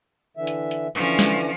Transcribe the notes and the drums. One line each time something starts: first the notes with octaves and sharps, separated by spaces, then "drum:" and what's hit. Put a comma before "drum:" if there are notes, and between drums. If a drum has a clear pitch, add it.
D3 E3 E5
drum: hi-hat
drum: hi-hat
D3 E3 F3 C#4, drum: open hi-hat
drum: snare